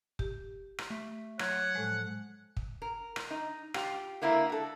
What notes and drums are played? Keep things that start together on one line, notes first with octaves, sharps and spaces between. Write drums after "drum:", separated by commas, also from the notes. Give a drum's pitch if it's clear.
G4, drum: kick
drum: rim click
A3
F#3 C#5 F#5, drum: rim click
A2 F3 G#3
drum: kick
A#4
drum: rim click
D#4
F4 G4, drum: rim click
D3 G#3 A#3 E4 F4 A#4
F#4 A4